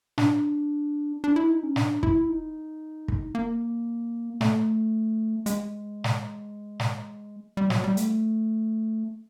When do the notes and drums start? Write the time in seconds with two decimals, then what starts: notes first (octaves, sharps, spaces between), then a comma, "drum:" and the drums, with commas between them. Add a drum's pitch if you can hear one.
0.18 D4, drum: snare
1.24 D4
1.36 E4
1.50 D#4
1.63 C#4
1.76 D4, drum: snare
2.03 E4, drum: kick
2.29 D#4
3.08 drum: kick
3.35 A#3
4.41 A3, drum: snare
5.46 G#3, drum: hi-hat
6.04 drum: snare
6.80 drum: snare
7.57 G3
7.70 F#3, drum: snare
7.84 G3
7.97 A3, drum: hi-hat